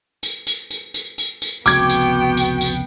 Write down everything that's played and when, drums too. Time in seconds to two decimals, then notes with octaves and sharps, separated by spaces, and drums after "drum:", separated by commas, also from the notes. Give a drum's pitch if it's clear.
0.23 drum: tambourine
0.47 drum: tambourine
0.71 drum: tambourine
0.94 drum: tambourine
1.18 drum: tambourine
1.42 drum: tambourine
1.66 F1 C#2 B3 F#4 G5 D6 G#6, drum: tambourine
1.90 drum: tambourine
2.37 drum: tambourine
2.61 drum: tambourine